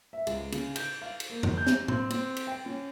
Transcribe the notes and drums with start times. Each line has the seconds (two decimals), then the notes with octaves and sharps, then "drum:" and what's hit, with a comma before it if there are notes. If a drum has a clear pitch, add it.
0.13 E5
0.27 C#2, drum: cymbal
0.52 C#3, drum: cymbal
0.76 G6, drum: cymbal
1.02 F5
1.20 drum: cymbal
1.30 A#3
1.43 drum: tom F2
1.57 G6
1.67 drum: snare
1.88 C4, drum: tom A2
2.10 C4, drum: cymbal
2.37 drum: cymbal
2.47 G5
2.66 C#4